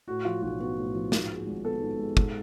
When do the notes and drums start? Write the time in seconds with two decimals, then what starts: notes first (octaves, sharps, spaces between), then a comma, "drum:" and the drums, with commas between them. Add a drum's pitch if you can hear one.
0.07 A2 F#4
0.25 F3 F4
0.42 B1 F#4
0.60 B3 F#4
0.77 A2
0.95 F3
1.12 G#2, drum: snare
1.30 G#3
1.47 G#1
1.64 B3 A4
1.82 G#2
1.99 G#3
2.17 G#2, drum: kick